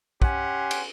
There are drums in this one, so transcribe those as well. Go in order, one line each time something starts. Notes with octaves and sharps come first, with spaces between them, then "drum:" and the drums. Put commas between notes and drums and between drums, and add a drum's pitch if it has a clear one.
C#4 G4 F#5 G#5 C6, drum: kick
drum: cymbal